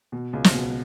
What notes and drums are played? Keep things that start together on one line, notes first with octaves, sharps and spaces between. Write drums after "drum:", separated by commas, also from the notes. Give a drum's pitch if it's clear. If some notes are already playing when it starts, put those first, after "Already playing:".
B2
C#2
drum: snare
B2